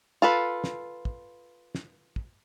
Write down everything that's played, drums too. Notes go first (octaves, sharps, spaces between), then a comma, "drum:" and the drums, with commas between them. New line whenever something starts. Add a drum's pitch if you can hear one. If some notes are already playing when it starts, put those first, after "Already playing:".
F4 A4 B4
drum: snare
drum: kick
drum: snare
drum: kick